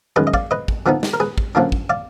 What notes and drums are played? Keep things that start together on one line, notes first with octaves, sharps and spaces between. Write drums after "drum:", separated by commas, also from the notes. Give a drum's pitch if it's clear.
F#2 D#3 G#3 B4 D#5
D#5
D5 F5, drum: kick
B4 D#5
drum: kick
D3 F3 B3 D#4
drum: snare
A#4
G#4 B4
drum: kick
F#2 D3 F3 A#3 D4
drum: kick
D5 F5